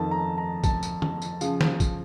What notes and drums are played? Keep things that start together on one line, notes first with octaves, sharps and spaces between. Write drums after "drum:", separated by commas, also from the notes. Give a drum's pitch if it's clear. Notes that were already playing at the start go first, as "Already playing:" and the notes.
Already playing: F2 D#3 A5
A#5
A#5
A5, drum: kick, tambourine
drum: tambourine
drum: tom D3
drum: tambourine
C#3 F3, drum: tambourine
drum: snare
drum: kick, tambourine